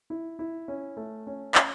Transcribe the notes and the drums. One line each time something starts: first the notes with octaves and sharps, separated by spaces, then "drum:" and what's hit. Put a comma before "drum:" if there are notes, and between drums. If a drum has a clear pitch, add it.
E4
E4
C#4
A3
C#4
C#4, drum: clap